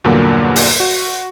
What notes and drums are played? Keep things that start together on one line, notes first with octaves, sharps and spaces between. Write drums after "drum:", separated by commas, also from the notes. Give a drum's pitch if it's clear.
E2 G2 A#2 D3 F#3 A#3
drum: open hi-hat
F#4